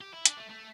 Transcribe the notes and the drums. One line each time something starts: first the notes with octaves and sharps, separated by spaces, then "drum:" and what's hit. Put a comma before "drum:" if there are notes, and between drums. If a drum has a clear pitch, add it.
G4
E4
D4, drum: hi-hat
A3
A3